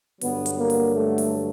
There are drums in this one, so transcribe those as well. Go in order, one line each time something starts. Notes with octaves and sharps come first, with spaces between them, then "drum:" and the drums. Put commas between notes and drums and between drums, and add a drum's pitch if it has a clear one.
G2 D3 F#3 B3, drum: open hi-hat
drum: hi-hat
A#3
drum: open hi-hat
A3
drum: open hi-hat